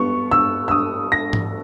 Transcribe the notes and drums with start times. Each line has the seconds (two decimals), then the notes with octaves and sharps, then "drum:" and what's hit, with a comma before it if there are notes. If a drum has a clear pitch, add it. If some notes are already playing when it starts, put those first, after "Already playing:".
Already playing: G3 B3 C#6
0.31 E6
0.68 E6
0.71 D#6
1.12 A#6
1.33 drum: tom G#2